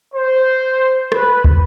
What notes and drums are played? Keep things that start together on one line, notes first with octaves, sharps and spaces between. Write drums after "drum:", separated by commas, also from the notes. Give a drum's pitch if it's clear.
C5
B4, drum: rim click
drum: kick